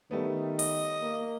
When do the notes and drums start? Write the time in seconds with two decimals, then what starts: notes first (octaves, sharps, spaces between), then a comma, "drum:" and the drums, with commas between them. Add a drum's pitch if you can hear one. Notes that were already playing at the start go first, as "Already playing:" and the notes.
0.11 D#3 G3 A3 B3
0.59 D#5, drum: open hi-hat
1.01 A#3